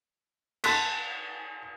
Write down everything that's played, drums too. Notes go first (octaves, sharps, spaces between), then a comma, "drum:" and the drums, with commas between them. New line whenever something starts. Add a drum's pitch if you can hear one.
A5 C6 F#6 A6 B6, drum: cymbal